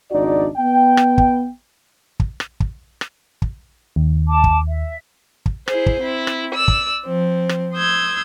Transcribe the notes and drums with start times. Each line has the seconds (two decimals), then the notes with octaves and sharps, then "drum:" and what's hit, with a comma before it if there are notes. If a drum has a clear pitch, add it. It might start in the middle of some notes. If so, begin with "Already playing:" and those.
0.11 G#1 C#2 D4 D#4 F#4 D5
0.57 B3 G5
0.97 drum: rim click
1.18 drum: kick
2.20 drum: kick
2.40 drum: rim click
2.60 drum: kick
3.01 drum: rim click
3.42 drum: kick
3.96 D#2
4.28 A5 D6
4.44 drum: kick
4.68 E5
5.46 drum: kick
5.68 E4 G#4 C5, drum: rim click
5.86 drum: kick
6.00 C4 E4
6.27 drum: rim click
6.53 D5 E6
6.68 drum: kick
7.04 F3 C4
7.49 drum: rim click
7.74 C6 D#6 E6 G6 G#6